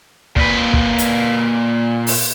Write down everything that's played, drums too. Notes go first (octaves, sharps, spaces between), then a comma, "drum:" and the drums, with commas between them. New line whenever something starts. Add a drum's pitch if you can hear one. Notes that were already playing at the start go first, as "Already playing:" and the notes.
A#2 B4, drum: kick
drum: kick
drum: hi-hat
drum: open hi-hat